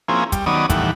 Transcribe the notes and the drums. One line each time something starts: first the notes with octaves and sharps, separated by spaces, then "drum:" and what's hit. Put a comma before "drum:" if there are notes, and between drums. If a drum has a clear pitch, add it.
F3 A#3 C4 C#4 E4 G#4
G3, drum: kick, hi-hat
D#3 F#3 B3 C#4 D5 D#6
D#2 A2 E3 G3 F#5, drum: kick, hi-hat